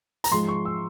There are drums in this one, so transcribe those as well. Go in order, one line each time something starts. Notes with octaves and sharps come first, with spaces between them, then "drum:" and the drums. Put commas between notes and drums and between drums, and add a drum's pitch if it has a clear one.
A#5, drum: hi-hat
G#2 F3 G#3 C6
C#6
E6